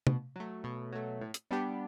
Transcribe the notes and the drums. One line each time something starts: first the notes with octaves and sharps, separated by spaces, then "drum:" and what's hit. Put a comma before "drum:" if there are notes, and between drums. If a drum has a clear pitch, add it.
B2, drum: tom C3
F#3 A3
B2
F#3 A3
A2
drum: hi-hat
G3 B3 D4 G4